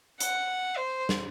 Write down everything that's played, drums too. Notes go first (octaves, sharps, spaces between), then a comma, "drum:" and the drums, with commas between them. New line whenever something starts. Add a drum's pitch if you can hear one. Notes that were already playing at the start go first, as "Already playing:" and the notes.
F#5, drum: hi-hat
C5
drum: snare